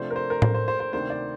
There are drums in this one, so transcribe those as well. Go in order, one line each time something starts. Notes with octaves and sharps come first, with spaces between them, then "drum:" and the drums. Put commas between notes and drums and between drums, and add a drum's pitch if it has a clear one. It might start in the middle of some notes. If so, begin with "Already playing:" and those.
Already playing: C3 F3 A3 D4 C5
A#4
C5
A#4
C5, drum: tom A2
C5
C5
C5
D2 C3 D#3 A#3 D4 C5
D5